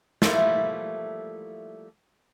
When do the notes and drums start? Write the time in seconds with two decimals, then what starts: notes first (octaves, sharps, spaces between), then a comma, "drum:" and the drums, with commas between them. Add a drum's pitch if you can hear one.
0.22 F3 G3 A3 A#3 E4, drum: snare